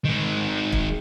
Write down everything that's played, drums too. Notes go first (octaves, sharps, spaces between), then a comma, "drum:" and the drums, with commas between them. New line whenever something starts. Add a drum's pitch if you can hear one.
D#3 G#3
drum: kick